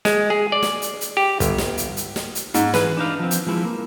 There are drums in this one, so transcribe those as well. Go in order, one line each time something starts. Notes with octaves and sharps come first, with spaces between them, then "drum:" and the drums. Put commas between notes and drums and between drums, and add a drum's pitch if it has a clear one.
G#3, drum: snare
G#4
D5
drum: snare
drum: hi-hat
drum: hi-hat
G4
G1, drum: kick, hi-hat
drum: snare
drum: hi-hat
drum: hi-hat
drum: snare
drum: hi-hat
G#2, drum: hi-hat
E3 G#4 B4, drum: snare
D4 D#4 F5
F3 C4
drum: hi-hat
F3 G#3 E4
A#3